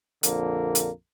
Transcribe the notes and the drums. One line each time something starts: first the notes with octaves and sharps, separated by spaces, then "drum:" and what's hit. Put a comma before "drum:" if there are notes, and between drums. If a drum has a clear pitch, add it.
A#1 F2 D3 A#3, drum: hi-hat
drum: hi-hat